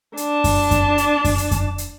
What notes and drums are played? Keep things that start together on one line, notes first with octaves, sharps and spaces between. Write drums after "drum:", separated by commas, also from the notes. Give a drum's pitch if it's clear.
D4 A5, drum: hi-hat
drum: kick F#2, open hi-hat
drum: kick F#2, hi-hat
drum: hi-hat
drum: kick F#2, open hi-hat
drum: hi-hat
drum: kick F#2, hi-hat
drum: hi-hat